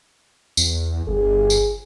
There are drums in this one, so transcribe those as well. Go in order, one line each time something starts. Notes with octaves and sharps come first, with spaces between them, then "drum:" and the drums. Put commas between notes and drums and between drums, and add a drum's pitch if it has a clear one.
E2, drum: tambourine
G1 G#4
drum: tambourine